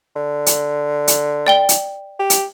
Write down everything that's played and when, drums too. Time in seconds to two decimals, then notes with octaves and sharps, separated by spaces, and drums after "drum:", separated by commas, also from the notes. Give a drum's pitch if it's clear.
0.16 D3
0.46 drum: hi-hat
1.08 drum: hi-hat
1.47 D5 G5 G7
1.69 drum: hi-hat
2.19 G4
2.30 drum: hi-hat